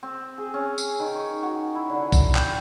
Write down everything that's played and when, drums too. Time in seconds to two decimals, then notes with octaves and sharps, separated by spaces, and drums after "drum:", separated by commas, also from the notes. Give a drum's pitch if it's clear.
0.03 C4
0.38 G#4
0.54 C#4
0.78 drum: tambourine
1.00 D#3
1.15 C#5
1.43 F#4
1.75 E4
1.90 D3
2.12 drum: kick, tambourine
2.35 G5, drum: clap